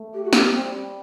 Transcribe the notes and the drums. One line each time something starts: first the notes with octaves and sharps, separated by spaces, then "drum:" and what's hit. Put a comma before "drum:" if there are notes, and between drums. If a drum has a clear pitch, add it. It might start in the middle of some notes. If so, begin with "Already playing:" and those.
Already playing: A3
G4
F#4
G4, drum: snare
G3 C4